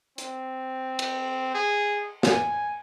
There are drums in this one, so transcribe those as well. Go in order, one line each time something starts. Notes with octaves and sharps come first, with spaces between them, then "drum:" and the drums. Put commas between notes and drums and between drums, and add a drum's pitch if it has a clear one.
C4, drum: hi-hat
drum: cymbal
G#4
G#5, drum: snare